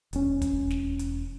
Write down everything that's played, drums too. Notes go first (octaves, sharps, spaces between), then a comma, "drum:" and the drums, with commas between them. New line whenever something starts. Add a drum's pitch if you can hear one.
E1 C#4, drum: hi-hat
drum: kick, hi-hat
drum: snare
drum: hi-hat